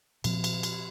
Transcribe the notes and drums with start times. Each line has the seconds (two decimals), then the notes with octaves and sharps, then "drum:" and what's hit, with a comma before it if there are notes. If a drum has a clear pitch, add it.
0.24 A#2 F3 C4, drum: cymbal
0.44 drum: cymbal
0.63 drum: cymbal